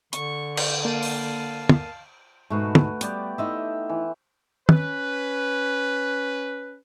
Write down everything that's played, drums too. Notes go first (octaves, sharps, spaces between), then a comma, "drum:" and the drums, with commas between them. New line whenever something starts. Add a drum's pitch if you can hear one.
D3 C#6, drum: hi-hat
drum: cymbal
A#3 F5 A5 D#7
drum: open hi-hat
drum: tom
G#2 B2 A3 F#4 B4
drum: tom
G3 B3 G4 D5, drum: hi-hat
A3 D#4 E4 E5 C6
E3
C#4 B4, drum: tom